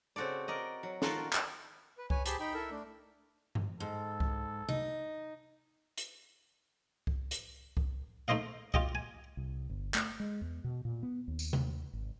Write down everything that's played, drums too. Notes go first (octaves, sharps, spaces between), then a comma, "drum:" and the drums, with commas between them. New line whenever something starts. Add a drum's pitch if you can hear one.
C#3 C4 F#4 A4 D5
A#4 D5 D#5
F#3
D#3 F4 F#4 A4 A#4, drum: snare
drum: clap
B4
B4 C#5 G#5, drum: kick C2
G4 G#4 C5 A5 B5 C6, drum: hi-hat
D#4 G5 B5
E4 A4 A#4 E5
A3 D4
drum: tom G2
G#2 A4
drum: kick C2
D#4, drum: tom C3
drum: hi-hat
drum: kick C2
drum: hi-hat
drum: kick C2
A3 D#4 C5 D#5 F5
F4 G4 D#5, drum: kick C2
G#5
C2
G1
A3, drum: clap
G#3
E2
B2
A#2
B3
D#2
drum: tambourine
drum: tom C3
G#1